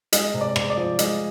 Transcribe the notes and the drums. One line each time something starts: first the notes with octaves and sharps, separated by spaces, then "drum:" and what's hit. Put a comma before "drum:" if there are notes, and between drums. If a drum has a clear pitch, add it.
G#3 D#5, drum: hi-hat
C3
D5
C3, drum: rim click
D5
F3
G#3 D#5, drum: hi-hat